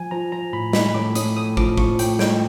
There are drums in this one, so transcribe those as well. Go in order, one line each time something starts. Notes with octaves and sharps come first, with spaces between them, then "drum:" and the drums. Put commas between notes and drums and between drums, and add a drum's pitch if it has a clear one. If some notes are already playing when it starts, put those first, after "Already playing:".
Already playing: F3 G#5
F3 A#5
F3 A#5
A2 B5
A2 B5, drum: snare
A2 D6
A2 D#6, drum: hi-hat
A2 D#6
F3 D6, drum: kick
F3 C#6, drum: kick
A2 G5, drum: hi-hat
A2 G5, drum: snare